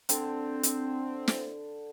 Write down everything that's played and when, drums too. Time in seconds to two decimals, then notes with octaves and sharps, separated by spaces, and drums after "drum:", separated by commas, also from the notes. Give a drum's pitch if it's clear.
0.09 D3 C4, drum: hi-hat
0.63 drum: hi-hat
1.28 drum: snare